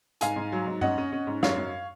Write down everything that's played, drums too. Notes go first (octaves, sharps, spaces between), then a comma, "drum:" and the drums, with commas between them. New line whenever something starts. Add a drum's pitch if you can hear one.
G#2 F5 G#5, drum: hi-hat
G#2
F#3
G#2
C#4 D#5 F#5, drum: tom G2
C#4
C#4
G#2
F#2 C#5 F5, drum: snare
F#2